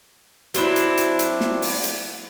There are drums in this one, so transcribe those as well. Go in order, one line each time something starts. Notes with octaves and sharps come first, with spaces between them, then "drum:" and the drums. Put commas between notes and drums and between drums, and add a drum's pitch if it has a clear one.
F#3 C4 D4 E4, drum: hi-hat
drum: hi-hat
drum: hi-hat
drum: hi-hat
drum: snare
drum: open hi-hat
drum: hi-hat